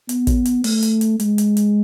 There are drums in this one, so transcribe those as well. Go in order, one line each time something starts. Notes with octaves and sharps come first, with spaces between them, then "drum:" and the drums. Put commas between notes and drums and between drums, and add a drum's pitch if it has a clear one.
B3, drum: hi-hat
drum: kick, hi-hat
drum: hi-hat
A3, drum: open hi-hat
drum: hi-hat
drum: hi-hat
G#3, drum: hi-hat
drum: hi-hat
drum: hi-hat